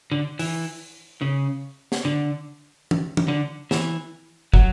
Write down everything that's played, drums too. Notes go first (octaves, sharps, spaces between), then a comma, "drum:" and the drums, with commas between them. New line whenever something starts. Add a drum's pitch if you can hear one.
D3
E3, drum: open hi-hat
C#3
drum: snare
D3
drum: tom
drum: tom
D3
E3, drum: snare
F#3, drum: kick